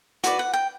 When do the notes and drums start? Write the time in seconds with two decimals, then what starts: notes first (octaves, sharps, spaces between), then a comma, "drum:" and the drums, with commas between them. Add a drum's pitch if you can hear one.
0.24 F#4 B4 D5, drum: hi-hat
0.39 F#5
0.53 G5